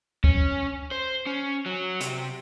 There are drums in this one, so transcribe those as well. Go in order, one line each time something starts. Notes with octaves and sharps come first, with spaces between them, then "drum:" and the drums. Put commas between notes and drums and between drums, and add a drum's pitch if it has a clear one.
C#4, drum: kick
C5
C#4
F#3
C3, drum: hi-hat